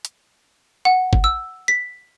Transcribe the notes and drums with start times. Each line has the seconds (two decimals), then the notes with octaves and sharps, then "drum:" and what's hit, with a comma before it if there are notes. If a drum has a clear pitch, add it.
0.05 drum: hi-hat
0.85 F#5
1.13 drum: kick
1.24 E6
1.68 B6